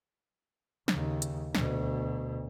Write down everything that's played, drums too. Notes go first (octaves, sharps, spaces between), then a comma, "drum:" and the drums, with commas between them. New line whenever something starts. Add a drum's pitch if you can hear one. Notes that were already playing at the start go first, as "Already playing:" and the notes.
D#2 C#3, drum: snare
drum: hi-hat
D2 B2, drum: snare